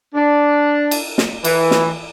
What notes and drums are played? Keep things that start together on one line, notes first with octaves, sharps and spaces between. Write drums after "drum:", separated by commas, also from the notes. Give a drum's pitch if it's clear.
D4
drum: cymbal
drum: snare
E3, drum: cymbal
drum: snare